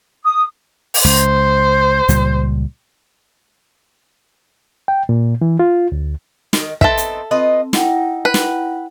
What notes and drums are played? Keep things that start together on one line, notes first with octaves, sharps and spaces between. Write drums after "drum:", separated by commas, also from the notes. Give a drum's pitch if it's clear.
D#6
drum: open hi-hat
C#2 C5
C#2 A#2 G3, drum: hi-hat
G5
A#2
E3
F4
D2
D#3 D#5, drum: snare
B3 C4 D#4 A4 E5, drum: kick
drum: hi-hat
C4 F4 B4 D#5
D#4 E4 F#5 G5, drum: snare
B4
drum: snare